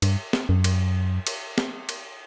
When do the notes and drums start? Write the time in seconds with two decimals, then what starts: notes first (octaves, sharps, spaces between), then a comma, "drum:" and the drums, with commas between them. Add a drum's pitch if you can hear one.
0.02 G2, drum: cymbal
0.33 drum: snare
0.49 F#2
0.64 drum: cymbal
1.27 drum: cymbal
1.58 drum: snare
1.89 drum: cymbal